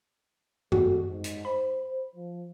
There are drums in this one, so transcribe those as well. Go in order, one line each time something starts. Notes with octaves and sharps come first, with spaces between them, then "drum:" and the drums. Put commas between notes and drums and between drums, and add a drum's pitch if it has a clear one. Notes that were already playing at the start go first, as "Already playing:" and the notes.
G3 G#3 F#4 A4, drum: tom F#2
G#2
drum: hi-hat
C5 B5
F3